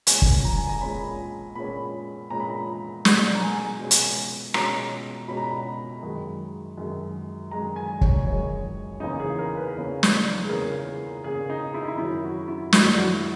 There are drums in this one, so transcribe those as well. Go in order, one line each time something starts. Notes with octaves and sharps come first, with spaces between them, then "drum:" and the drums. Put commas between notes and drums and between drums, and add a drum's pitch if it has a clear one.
A#2 G#3 C#4 G#5, drum: hi-hat
drum: kick
A#5
G#5
A#5
A#2 G#3 C#4 B5
A#2 G#3 C#4 B5
A#2 G#3 C#4 A#5
B5
A#5
B2 G#3 C#4 F#5, drum: snare
A#5
G#5
B2 G#3 C#4
drum: hi-hat
B2 G#3 C#4 A#5, drum: rim click
B2 G#3 C#4 B5
A#5
B5
F#2 D#3 G#3
F#2 D#3 G#3
F#2 D#3 G#3 A#5
G#5
C#5, drum: kick
F#2 D#3 G#3 C#5
E2 C#3 E3 A#3 C#4 D#4
G#4
A#4
B4
E2 C#3 E3 A#3 C#4
drum: snare
G#4
E2 C#3 E3 A#3 C#4 A#4
E2 C#3 E3 A#3 C#4 G#4
D#4
E4
D#4
E4
F#2 D#3 F#3 C#4 E4
F#4
E4
F#2 D#3 F#3 C#4 E4, drum: snare
F#4